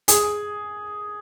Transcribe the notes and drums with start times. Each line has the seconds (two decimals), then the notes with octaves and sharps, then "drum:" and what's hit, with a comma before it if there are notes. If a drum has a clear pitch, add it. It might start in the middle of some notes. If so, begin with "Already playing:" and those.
0.08 G#4, drum: hi-hat